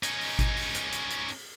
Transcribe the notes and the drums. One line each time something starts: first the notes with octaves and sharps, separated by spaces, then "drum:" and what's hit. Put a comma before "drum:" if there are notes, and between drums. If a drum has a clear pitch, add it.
C#4 D#4, drum: hi-hat
drum: open hi-hat
drum: kick G#1, hi-hat
drum: open hi-hat
drum: hi-hat
drum: hi-hat
drum: hi-hat
drum: open hi-hat